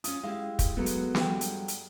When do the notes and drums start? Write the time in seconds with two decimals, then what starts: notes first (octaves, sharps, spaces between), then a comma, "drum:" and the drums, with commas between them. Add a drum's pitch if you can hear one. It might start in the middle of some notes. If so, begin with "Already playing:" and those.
0.04 C#4 F4 D#6, drum: hi-hat
0.23 G#3 E4 G4 F5
0.59 drum: kick, hi-hat
0.77 F#3 G#3 A3 B3
0.86 drum: hi-hat
1.15 G2 G5, drum: snare
1.41 drum: hi-hat
1.68 drum: hi-hat